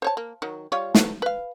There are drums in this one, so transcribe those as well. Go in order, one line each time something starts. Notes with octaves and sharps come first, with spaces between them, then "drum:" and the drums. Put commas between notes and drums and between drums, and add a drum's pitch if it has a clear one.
C5 C#5 A5
A#3
D#3 F#3
G3 F4 C#5
F#3 A3 B4, drum: snare
B4 F5